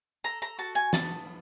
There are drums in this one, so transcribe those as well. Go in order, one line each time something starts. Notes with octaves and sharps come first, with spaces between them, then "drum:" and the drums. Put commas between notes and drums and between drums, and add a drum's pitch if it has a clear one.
A4 A#5
A#5
F#4 A5
G#5
B3 A5, drum: snare